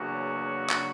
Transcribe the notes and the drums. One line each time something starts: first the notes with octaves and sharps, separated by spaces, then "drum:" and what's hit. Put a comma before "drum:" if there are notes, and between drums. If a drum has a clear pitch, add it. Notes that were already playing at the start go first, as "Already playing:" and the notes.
Already playing: E2 C#3 F#3 A#3 D4 F#4
C#3 F#3 A#3 D4, drum: clap